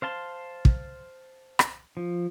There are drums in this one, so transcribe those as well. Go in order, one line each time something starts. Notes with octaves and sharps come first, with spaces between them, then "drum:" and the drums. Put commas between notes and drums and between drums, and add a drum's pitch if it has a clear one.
C5 F5 A5 C6
drum: kick
drum: rim click
F3